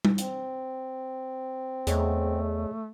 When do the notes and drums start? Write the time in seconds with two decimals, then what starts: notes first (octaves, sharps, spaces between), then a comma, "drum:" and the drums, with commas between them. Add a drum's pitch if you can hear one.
0.05 drum: tom G3
0.18 C4, drum: hi-hat
1.87 E2 A3 G#4 C#5 D#5, drum: hi-hat